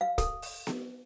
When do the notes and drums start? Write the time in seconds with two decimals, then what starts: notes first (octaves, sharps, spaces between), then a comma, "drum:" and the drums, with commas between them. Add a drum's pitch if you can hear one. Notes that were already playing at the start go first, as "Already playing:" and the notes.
0.01 F5
0.18 A4, drum: kick, hi-hat
0.42 drum: open hi-hat
0.67 drum: snare B3